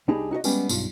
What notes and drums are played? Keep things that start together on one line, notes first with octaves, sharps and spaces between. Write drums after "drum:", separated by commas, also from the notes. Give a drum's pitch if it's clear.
C2 D4 D#4 G4 G#4 B5
D#4 F#4 G4 D#5
G3 G#3 B3 C#4 G4, drum: tambourine
B1 G2 F4, drum: tambourine